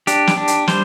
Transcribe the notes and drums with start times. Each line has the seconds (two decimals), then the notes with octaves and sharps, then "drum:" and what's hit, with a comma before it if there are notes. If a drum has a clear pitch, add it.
0.07 D4 G4, drum: hi-hat
0.27 drum: snare
0.37 D4
0.48 drum: hi-hat
0.68 G3 C5, drum: snare